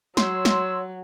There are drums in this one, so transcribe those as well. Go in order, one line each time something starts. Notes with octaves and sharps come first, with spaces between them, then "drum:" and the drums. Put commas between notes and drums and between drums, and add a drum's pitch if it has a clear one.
F#3 C#5 C6 E6, drum: snare
drum: snare